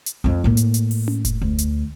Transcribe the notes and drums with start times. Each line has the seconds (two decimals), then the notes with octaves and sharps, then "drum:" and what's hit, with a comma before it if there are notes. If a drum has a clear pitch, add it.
0.06 drum: hi-hat
0.24 F2 F3
0.44 A2 A#3
0.57 drum: hi-hat
0.74 drum: hi-hat
0.91 drum: open hi-hat
1.08 drum: tom C#4
1.25 drum: kick F1, hi-hat
1.42 D2
1.58 drum: hi-hat